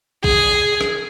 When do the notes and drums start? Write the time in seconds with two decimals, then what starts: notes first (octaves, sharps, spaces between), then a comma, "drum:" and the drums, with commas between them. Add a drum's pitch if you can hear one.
0.24 G#4, drum: kick A#1
0.81 drum: rim click